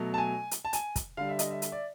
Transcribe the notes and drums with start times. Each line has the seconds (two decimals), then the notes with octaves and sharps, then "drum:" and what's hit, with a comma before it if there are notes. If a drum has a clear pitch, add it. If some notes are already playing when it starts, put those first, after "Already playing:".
Already playing: B2 F#3 A3
0.14 A5
0.18 G#5
0.51 drum: hi-hat
0.65 A5
0.73 G#5, drum: hi-hat
0.96 drum: kick, hi-hat
1.17 D3 G3 F5
1.29 E5
1.39 D#5, drum: hi-hat
1.51 E5
1.62 drum: hi-hat
1.72 D5